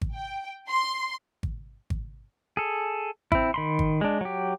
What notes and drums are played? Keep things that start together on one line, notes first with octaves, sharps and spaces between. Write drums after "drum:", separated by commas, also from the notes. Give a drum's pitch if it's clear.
drum: kick G#1
G5
C6
drum: kick G#1
drum: kick G#1
G#4 A4
C4 E4, drum: kick G#1
D#3 B5 C6
drum: kick G#1
G#3 D4
F#3 G4